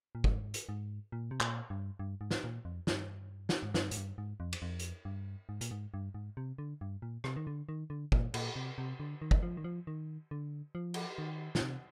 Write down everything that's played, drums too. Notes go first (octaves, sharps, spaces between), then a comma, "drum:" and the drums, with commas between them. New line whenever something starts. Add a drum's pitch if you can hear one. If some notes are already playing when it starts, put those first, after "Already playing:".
A#2
G#2, drum: kick
drum: hi-hat
G#2
A#2
C3
A#2, drum: clap
G2
G2
G#2
drum: snare
A#2
F2
G2, drum: snare
drum: snare
G#2
G2, drum: snare
G#2, drum: hi-hat
G2
G#2
F2
drum: cymbal
F2
drum: hi-hat
G2
G#2
A#2, drum: hi-hat
G#2
G2
G#2
C3
D3
G2
A#2
C3, drum: rim click
D#3
D3
D#3
D3
A#2, drum: kick
A#2, drum: cymbal
C3
C3
D3
D#3
drum: kick
F3
D#3
F3
D#3
D3
F3
drum: cymbal
D#3
A#2, drum: snare
C3